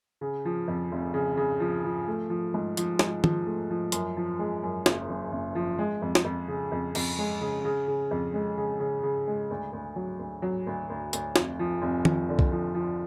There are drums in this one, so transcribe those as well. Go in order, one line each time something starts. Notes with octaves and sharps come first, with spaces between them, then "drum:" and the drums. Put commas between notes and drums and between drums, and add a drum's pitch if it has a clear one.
C#3
F3
F2
F1
C#3
C#3
F3
F3
A3
F3
G#2
F3, drum: hi-hat
G#2, drum: snare
F3, drum: tom
A3
F3
F#2, drum: hi-hat
F3
G#3
F#2
F#1, drum: snare
F#1
F#1
F3
G#3
F2
drum: snare
F2
C#3
F2
F2, drum: cymbal
G#3
C#3
C#3
C#3
F2
G#3
C#3
C#3
C#3
G#3
D2
D2
F#3
D2
F#3
D2
D2
D2, drum: hi-hat
F1, drum: snare
F3
F1
F3, drum: tom
D3
drum: kick B1
F3
F3